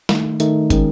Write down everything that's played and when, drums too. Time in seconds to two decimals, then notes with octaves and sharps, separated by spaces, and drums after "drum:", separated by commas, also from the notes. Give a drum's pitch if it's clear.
0.09 D#3 A3 D#4, drum: snare
0.40 D#3 A3 D#4, drum: hi-hat
0.70 D#3 G#3 C#4, drum: kick, hi-hat